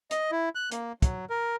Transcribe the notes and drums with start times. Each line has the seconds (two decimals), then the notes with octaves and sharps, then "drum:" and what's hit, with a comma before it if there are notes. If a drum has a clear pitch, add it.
0.11 D#5, drum: hi-hat
0.31 E4
0.55 F#6
0.72 A#3, drum: hi-hat
1.02 F#3, drum: kick, hi-hat
1.30 A#4